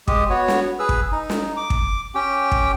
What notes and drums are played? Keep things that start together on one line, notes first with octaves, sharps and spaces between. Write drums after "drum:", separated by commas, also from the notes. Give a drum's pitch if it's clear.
G#3 G4 D#6, drum: kick
B3 F#4 C#5
drum: snare
G#4 B4 E6
drum: kick
D#4
drum: snare
D6
drum: kick
C#4 G4 G5
drum: kick